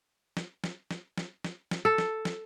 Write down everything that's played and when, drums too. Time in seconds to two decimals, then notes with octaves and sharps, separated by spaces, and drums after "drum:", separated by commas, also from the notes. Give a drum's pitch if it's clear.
0.37 drum: snare
0.64 drum: snare
0.91 drum: snare
1.18 drum: snare
1.44 drum: snare
1.71 drum: snare
1.85 A4
1.98 drum: snare
2.25 drum: snare